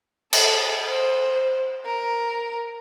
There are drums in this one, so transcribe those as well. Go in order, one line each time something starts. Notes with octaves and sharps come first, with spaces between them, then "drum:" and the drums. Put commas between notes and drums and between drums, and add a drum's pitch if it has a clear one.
A4, drum: cymbal
C5
A#4